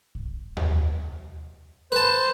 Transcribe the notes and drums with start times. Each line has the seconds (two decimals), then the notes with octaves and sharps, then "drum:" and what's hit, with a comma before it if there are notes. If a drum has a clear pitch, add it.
0.15 drum: kick
0.57 drum: tom D#2
1.92 B4 C5 A5